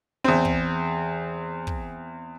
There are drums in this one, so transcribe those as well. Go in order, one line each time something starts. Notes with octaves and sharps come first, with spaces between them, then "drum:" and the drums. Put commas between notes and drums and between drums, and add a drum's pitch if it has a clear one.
E2 C4
drum: kick
drum: kick